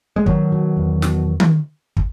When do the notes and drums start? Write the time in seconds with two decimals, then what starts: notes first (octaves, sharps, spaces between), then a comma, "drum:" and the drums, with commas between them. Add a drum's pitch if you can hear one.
0.16 G#3
0.26 B2 D#3 F#3, drum: kick
0.52 B2
0.77 E2
1.02 B2, drum: snare
1.40 drum: tom D#3
1.97 drum: kick